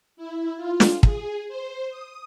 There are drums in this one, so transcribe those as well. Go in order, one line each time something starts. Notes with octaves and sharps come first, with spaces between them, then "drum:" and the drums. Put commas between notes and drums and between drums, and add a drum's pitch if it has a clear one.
E4
F4
drum: snare
G#4, drum: kick
C5
D#6